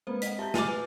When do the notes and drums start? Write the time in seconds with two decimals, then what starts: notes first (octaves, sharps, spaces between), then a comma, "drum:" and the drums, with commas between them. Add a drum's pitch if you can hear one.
0.07 G#3 A#3 C4 B4 C5
0.22 D#5 F#5 B6, drum: hi-hat
0.39 G4 E5 A5 A#5 G6
0.54 G#5 D6 F6 A6 F7, drum: snare
0.69 B4